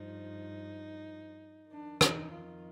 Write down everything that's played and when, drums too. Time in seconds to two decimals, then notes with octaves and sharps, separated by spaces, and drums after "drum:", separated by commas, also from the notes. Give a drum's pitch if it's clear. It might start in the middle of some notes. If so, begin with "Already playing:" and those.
Already playing: G2 F3 D#4
1.71 F2 D#3 D4
2.01 D#4, drum: rim click
2.31 F4